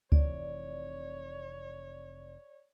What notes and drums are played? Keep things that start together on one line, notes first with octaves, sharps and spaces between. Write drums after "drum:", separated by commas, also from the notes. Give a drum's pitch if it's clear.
F1 C3 E3 C#5 D5, drum: kick D2